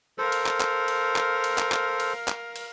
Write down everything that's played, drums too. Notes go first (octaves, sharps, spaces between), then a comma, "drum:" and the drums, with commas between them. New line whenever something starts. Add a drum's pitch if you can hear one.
A4 A#4 C5 F5
drum: cymbal
drum: clap
drum: clap
drum: cymbal
drum: clap
drum: cymbal
drum: clap
drum: clap
drum: cymbal
drum: clap
drum: cymbal